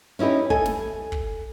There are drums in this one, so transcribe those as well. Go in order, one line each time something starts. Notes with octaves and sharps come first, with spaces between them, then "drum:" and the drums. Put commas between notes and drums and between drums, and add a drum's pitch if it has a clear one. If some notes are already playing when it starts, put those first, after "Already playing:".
C#4 D#4 E4 G4 B4
A4 G#5, drum: kick
drum: snare
drum: kick